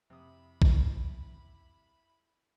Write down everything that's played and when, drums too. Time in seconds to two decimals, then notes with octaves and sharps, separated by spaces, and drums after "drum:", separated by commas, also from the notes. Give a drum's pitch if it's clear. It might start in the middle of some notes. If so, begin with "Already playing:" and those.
0.10 F2 C3 E4 B5 D#6
0.62 drum: kick A#1